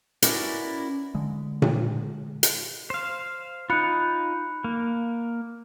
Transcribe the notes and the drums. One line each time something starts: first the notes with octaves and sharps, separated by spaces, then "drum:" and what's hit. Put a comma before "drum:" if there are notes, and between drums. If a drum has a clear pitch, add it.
C#4 E4 F#4 A#4 B4 D5, drum: hi-hat
D3 G#3
drum: tom A#2
drum: hi-hat
C5 F5
D#4 F4 B5 F#6 C#7
A#3